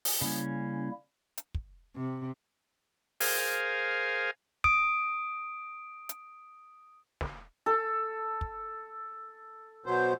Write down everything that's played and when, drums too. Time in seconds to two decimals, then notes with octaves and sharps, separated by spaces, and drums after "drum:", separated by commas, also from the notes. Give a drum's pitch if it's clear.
0.05 drum: open hi-hat
0.21 C#3 G3 A#3 C#4 E4
1.37 drum: hi-hat
1.54 drum: kick
1.96 C3
3.20 G#4 A#4 C5 F5 G#5, drum: open hi-hat
4.64 D#6 D7, drum: kick
6.09 drum: hi-hat
7.21 drum: snare
7.66 A4
8.41 drum: kick
9.86 B2 F#3 C5